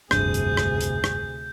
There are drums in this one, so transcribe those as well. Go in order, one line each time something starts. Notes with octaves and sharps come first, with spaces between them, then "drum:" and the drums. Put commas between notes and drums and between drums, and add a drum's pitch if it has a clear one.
F1 D2 G2 C3 D4 G#4 G6, drum: rim click
drum: hi-hat
drum: rim click
drum: hi-hat
drum: rim click